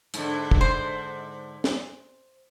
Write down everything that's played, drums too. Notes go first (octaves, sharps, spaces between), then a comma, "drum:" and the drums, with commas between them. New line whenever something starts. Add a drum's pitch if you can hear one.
G#2 D3, drum: hi-hat
drum: kick
C5
drum: snare